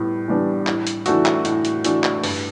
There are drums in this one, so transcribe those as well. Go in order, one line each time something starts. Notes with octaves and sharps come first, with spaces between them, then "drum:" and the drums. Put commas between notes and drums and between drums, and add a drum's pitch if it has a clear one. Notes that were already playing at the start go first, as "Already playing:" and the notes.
Already playing: A2 G3 B3
E3 G3 B3 D4
A2, drum: clap
drum: hi-hat
E3 A3 D4 F#4, drum: hi-hat
drum: clap
A2, drum: hi-hat
drum: hi-hat
E3 A3 D4 F#4, drum: hi-hat
drum: clap
G2, drum: open hi-hat